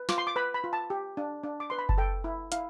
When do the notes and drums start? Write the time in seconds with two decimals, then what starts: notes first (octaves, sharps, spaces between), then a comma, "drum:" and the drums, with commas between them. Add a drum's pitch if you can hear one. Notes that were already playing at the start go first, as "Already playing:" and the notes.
Already playing: B4
0.09 F4 D6, drum: snare
0.18 C6
0.27 D6
0.36 B4 B5
0.54 B5
0.64 F4
0.73 A5
0.90 G4
1.17 D4
1.43 D4
1.60 D6
1.70 B4 C6
1.79 B5
1.89 A5, drum: kick F#1
1.98 A4 G5
2.24 E4
2.52 E4 F5, drum: hi-hat